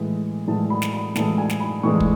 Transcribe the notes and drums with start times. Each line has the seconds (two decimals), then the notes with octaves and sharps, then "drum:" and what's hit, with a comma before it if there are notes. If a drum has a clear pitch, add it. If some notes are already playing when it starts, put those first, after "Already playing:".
Already playing: A2 E3 G#3
0.47 A2 E3 G#3 A5
0.70 B5
0.82 drum: snare
0.93 B5
1.16 A2 E3 G#3 A5, drum: snare
1.38 G#5
1.50 drum: snare
1.60 B5
1.83 A2 E3 G#3 C#6
2.00 drum: kick